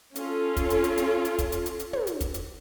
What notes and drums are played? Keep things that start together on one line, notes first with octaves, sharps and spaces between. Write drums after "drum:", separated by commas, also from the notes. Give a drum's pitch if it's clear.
C#4 F4 A4, drum: hi-hat
drum: kick, hi-hat
drum: hi-hat
drum: hi-hat
drum: hi-hat
drum: hi-hat
drum: kick, hi-hat
drum: hi-hat
drum: hi-hat
drum: hi-hat
drum: tom
drum: hi-hat
drum: kick, hi-hat
drum: hi-hat